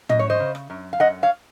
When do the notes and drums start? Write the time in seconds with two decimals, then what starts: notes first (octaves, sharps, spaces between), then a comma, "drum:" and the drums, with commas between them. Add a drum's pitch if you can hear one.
0.09 F#2 D#5, drum: tom
0.19 C#5
0.30 C5 D#5
0.40 C#3
0.55 drum: rim click
0.70 F#2
0.93 F5
1.00 F#2 D#5 F#5
1.23 C#5 F5